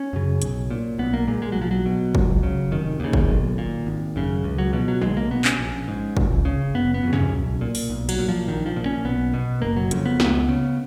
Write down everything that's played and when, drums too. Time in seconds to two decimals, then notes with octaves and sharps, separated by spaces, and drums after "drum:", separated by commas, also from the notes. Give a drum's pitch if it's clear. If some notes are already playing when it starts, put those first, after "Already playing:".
Already playing: C#4
0.13 F#2 C#3
0.42 B1, drum: hi-hat
0.70 A#2
0.98 B1 B3
1.13 A#3
1.28 A#2 G#3
1.42 G#3
1.52 F#3
1.56 B1
1.61 F3
1.71 F#3
1.86 B2
2.15 C#2, drum: kick
2.43 C#3
2.71 F1 D#3
3.00 D#2 C#3
3.13 drum: kick
3.29 B1
3.58 A#2
3.87 G#1
4.16 F#2 C#3
4.44 C#2
4.58 F#3
4.73 B2 F3
4.88 F#3
5.02 B1 G#3, drum: tom
5.17 A#3
5.31 B2 B3
5.45 C#4, drum: clap
5.59 A#1
5.88 G#2
6.17 C#2, drum: kick
6.45 C#3
6.74 F#1 B3
6.94 B3
7.03 F2 C#3
7.13 C#4, drum: tom
7.32 B1
7.61 A#2
7.75 drum: open hi-hat
7.89 B1
8.09 F#3, drum: cymbal
8.19 A#2
8.28 F3
8.47 A#1 D#3
8.66 F3
8.76 A#2
8.86 C#4
9.05 B1 B3
9.34 B2
9.62 F#1 A#3
9.76 F#3
9.91 F2 C#3, drum: hi-hat
10.06 B3
10.20 C#2, drum: snare
10.49 C#3